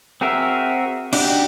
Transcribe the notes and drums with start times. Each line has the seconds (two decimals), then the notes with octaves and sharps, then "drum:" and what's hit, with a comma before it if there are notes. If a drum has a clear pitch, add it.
0.21 C4 F#4 G#4 A#4 E5
1.13 D4 D#4 F#4 G4 D5, drum: cymbal